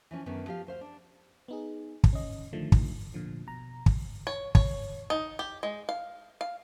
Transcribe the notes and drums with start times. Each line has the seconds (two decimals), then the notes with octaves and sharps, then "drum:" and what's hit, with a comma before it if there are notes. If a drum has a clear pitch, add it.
0.11 E3 F3 C#4
0.26 F#2 D3 D#3 B3 C#4
0.47 F3 G4 F5
0.67 D2 C5 F5
0.81 D4
1.48 B3 D#4 G#4
2.04 drum: kick
2.13 C#4 D#5
2.53 D3 D#3 F3 A3
2.72 drum: kick
3.14 A#2 D3 F3
3.47 B2 A#5
3.86 drum: kick
4.27 C#5
4.55 C#5, drum: kick
5.10 D#4
5.39 G4
5.63 G#3
5.89 F5
6.41 F5